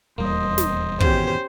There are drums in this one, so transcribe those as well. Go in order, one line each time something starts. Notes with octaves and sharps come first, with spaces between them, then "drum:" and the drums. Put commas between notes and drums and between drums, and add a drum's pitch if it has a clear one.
D#1 E2 G3 A#3 C5 D#5
drum: snare
G#1 E2 B2 C#4 G4 C5, drum: kick